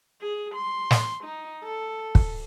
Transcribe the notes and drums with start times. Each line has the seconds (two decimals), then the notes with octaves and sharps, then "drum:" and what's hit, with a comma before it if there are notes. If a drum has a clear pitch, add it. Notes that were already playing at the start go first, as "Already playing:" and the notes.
0.21 G#4
0.55 C6
0.91 drum: snare
1.24 D#4
1.63 A4
2.15 drum: kick